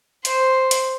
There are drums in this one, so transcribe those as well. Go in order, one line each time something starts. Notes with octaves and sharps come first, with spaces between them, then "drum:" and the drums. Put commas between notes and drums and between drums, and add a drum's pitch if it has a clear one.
C5, drum: hi-hat
drum: hi-hat